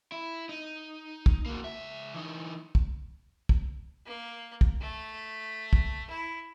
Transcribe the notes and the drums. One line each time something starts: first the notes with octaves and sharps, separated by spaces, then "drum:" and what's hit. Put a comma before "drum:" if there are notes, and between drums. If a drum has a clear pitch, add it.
E4
D#4
drum: kick
A#3 F#4
C#2 E5
E3 D#4
drum: kick
drum: kick
A#3
drum: kick
A3
drum: kick
E4